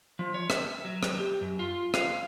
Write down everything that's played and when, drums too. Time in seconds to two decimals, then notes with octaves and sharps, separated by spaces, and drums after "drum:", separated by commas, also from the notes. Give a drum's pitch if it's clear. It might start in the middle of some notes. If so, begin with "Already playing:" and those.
0.19 F3
0.34 C#5
0.50 E5, drum: rim click
0.85 F#3
1.03 drum: rim click
1.18 G4
1.41 F#2
1.59 F4
1.94 F5, drum: rim click